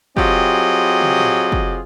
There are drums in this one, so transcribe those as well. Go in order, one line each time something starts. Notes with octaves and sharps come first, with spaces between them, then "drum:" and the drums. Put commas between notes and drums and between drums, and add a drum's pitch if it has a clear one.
F#3 C4 F4 G4 G#4 D#5, drum: kick
drum: tom
drum: tom A2
drum: kick